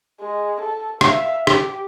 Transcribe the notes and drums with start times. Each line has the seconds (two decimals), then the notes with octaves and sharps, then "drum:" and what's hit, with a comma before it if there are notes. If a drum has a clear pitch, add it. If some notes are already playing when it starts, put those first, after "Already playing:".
0.21 G#3
0.61 A4
1.01 E5 F5, drum: rim click
1.47 G4, drum: rim click